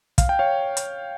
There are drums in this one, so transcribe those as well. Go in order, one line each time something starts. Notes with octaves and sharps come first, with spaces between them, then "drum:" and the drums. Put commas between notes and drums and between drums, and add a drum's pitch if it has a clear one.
F5, drum: kick, hi-hat
G5
C#5 F5
drum: hi-hat